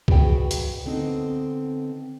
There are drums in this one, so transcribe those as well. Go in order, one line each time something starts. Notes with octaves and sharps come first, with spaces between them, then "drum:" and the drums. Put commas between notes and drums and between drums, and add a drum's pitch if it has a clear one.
F#4 G#4 B4 D5 G5, drum: kick C2
drum: hi-hat
D3 B3 C4 D#4